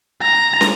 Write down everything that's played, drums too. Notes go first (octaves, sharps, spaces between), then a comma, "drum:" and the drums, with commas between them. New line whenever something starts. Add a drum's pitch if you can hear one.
A#5
drum: snare